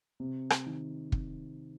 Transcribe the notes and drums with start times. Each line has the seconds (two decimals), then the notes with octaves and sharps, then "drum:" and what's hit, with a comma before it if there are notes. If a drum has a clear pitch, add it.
0.20 C3
0.50 drum: rim click
0.66 D#3
1.12 C3, drum: kick